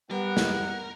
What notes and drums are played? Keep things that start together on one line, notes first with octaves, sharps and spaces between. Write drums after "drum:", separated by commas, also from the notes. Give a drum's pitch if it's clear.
G3 B3 A#4 F#5
drum: snare